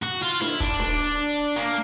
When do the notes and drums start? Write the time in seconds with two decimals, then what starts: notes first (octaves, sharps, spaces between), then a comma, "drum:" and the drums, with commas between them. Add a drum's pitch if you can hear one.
0.02 F#4
0.22 F4
0.41 E4, drum: snare D4
0.60 D4, drum: kick
0.80 drum: snare D4
1.56 A#3